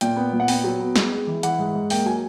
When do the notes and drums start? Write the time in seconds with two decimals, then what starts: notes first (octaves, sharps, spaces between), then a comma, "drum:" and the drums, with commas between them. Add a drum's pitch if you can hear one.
0.01 A#2 G5, drum: hi-hat
0.16 B3
0.33 A#2
0.40 F#5
0.48 B3 G5, drum: open hi-hat
0.64 F#3
0.80 B3
0.96 G#3, drum: snare
1.12 G#3
1.27 E3
1.43 E3 F#5, drum: hi-hat
1.59 G#2
1.74 G#2
1.90 A#3 G5, drum: open hi-hat
2.06 F#3 G#5